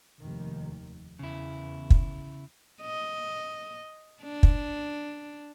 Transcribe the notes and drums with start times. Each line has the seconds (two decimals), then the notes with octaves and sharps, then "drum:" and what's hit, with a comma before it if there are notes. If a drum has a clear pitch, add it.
0.20 F1 D#2 D#3
1.19 E2 C#3 E4
1.90 drum: kick
2.82 D#5
4.22 D4
4.43 drum: kick